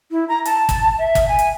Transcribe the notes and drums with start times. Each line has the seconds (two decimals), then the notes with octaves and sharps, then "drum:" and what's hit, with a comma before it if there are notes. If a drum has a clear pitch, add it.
0.11 E4
0.29 A#5
0.45 A5, drum: hi-hat
0.69 drum: kick, hi-hat
0.98 E5
1.15 drum: kick, hi-hat
1.28 G#5
1.39 drum: hi-hat